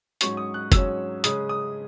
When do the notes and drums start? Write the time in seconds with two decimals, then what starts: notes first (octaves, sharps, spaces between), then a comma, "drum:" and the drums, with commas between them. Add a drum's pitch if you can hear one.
0.21 G#2 F#3 C#4 C#6, drum: hi-hat
0.37 D#6
0.54 F#6
0.72 G#2 F#3 C#4 E6, drum: kick, hi-hat
1.24 C#3 G#3 C#4 D#6, drum: hi-hat
1.49 D#6